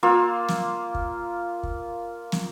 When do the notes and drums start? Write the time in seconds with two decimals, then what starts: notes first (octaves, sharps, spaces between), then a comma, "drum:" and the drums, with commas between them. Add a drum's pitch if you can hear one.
0.03 A#3 F4 E6
0.49 drum: snare
0.95 drum: kick
1.63 drum: kick
2.32 drum: snare